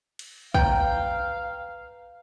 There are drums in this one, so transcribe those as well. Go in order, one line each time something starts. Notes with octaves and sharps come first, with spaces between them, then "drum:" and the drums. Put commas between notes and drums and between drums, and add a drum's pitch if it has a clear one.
drum: cymbal
B4 F5 G5 A#5, drum: kick